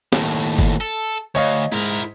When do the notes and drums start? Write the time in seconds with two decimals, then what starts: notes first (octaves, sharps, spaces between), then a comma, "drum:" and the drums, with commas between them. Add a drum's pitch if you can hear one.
0.13 D#2 A2, drum: snare
0.59 drum: kick G1
0.81 A4
1.35 D2 C#5 D#5 F5
1.72 G#2 E4 A#4